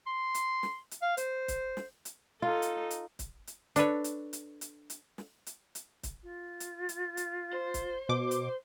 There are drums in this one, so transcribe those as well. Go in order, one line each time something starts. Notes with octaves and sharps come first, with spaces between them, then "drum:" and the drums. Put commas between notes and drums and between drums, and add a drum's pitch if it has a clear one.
C6
drum: hi-hat
drum: snare
drum: hi-hat
F5
C5, drum: hi-hat
drum: kick, hi-hat
drum: snare
drum: hi-hat
D#4 F4 A4
drum: hi-hat
drum: hi-hat
drum: kick, hi-hat
drum: hi-hat
D4 A4 B4 C#5, drum: hi-hat
drum: hi-hat
drum: hi-hat
drum: hi-hat
drum: hi-hat
drum: snare
drum: hi-hat
drum: hi-hat
drum: kick, hi-hat
F4
drum: hi-hat
drum: hi-hat
drum: hi-hat
C5
drum: kick, hi-hat
B2 D6
drum: hi-hat